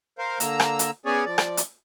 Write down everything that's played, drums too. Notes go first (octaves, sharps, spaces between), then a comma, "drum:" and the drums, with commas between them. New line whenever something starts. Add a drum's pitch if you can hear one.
A#4 C5 F5
D3 A#3 A#5 E6, drum: hi-hat
drum: rim click
drum: hi-hat
B3 C#4 G#4 C#5 D5 G#5
F3 D5
drum: rim click
drum: hi-hat